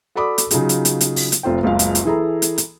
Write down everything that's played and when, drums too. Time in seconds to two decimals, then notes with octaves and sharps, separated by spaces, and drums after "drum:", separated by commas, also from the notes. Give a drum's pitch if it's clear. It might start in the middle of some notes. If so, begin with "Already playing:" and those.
0.15 F#4 A4 D5 B5 D6 D#6
0.38 drum: hi-hat
0.51 C#3 F#3 D#4 F4 G#4, drum: hi-hat
0.69 drum: hi-hat
0.85 drum: hi-hat
1.01 drum: hi-hat
1.16 drum: open hi-hat
1.32 drum: hi-hat
1.43 F1 F4 C5 G5
1.63 F#1 C#2 G#3 F4 F5
1.79 drum: hi-hat
1.95 drum: hi-hat
2.05 E3 E4 G#4 A4 A#5
2.42 drum: hi-hat
2.58 drum: hi-hat